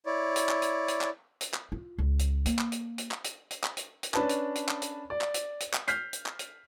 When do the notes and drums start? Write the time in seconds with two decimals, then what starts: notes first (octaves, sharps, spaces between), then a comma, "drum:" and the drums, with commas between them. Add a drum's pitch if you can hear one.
0.06 E4 C#5 D5
0.36 drum: hi-hat
0.49 drum: clap
0.62 drum: hi-hat
0.88 drum: hi-hat
1.01 drum: clap
1.41 drum: hi-hat
1.54 drum: clap
1.72 F4
1.98 C#2
2.19 drum: hi-hat
2.46 A#3, drum: hi-hat
2.59 drum: clap
2.72 drum: hi-hat
2.98 drum: hi-hat
3.11 drum: clap
3.24 drum: hi-hat
3.51 drum: hi-hat
3.64 drum: clap
3.77 drum: hi-hat
4.03 drum: hi-hat
4.14 C#4 D4 B4 A5, drum: clap
4.29 drum: hi-hat
4.55 drum: hi-hat
4.69 drum: clap
4.82 drum: hi-hat
5.10 D5
5.21 drum: clap
5.34 drum: hi-hat
5.60 drum: hi-hat
5.74 drum: clap
5.88 F6 G6 B6 C7, drum: hi-hat
6.13 drum: hi-hat
6.26 drum: clap
6.39 drum: hi-hat